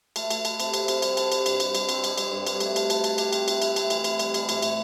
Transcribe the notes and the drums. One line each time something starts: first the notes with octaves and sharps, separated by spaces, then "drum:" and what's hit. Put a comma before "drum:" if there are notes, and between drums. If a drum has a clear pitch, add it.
A3, drum: cymbal
A3, drum: cymbal
A4, drum: cymbal
C3, drum: cymbal
C3, drum: cymbal
C3, drum: cymbal
G3, drum: cymbal
A4, drum: cymbal
G3, drum: cymbal
G2, drum: cymbal
G3, drum: cymbal
G3, drum: cymbal
C4, drum: cymbal
G3, drum: cymbal
G3, drum: cymbal
G2
G2, drum: cymbal
A3, drum: cymbal
A4, drum: cymbal
A4, drum: cymbal
A4, drum: cymbal
G4, drum: cymbal
C4, drum: cymbal
E4, drum: cymbal
E4, drum: cymbal
A3, drum: cymbal
E3, drum: cymbal
E4, drum: cymbal
G3, drum: cymbal
G3, drum: cymbal
A2, drum: cymbal
A2, drum: cymbal